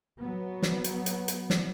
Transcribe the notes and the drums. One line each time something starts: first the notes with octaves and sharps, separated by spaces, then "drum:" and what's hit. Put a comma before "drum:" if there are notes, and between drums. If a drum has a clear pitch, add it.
F#3 B3
drum: snare
drum: hi-hat
drum: hi-hat
drum: hi-hat
drum: snare